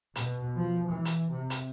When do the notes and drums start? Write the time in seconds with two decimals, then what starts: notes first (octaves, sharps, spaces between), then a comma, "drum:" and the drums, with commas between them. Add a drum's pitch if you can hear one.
0.15 B2, drum: hi-hat
0.56 F3
0.89 E3
1.05 drum: hi-hat
1.32 C3
1.50 drum: hi-hat